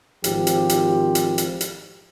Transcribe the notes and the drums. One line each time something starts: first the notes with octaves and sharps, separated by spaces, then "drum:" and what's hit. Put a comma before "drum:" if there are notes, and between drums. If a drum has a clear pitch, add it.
G#1 F3 G4, drum: hi-hat
drum: hi-hat
drum: hi-hat
drum: hi-hat
drum: hi-hat
drum: hi-hat